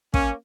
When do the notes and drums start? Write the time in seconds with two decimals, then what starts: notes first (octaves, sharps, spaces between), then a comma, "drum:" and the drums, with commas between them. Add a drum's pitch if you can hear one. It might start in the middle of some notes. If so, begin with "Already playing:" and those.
0.14 A#3 C#4, drum: kick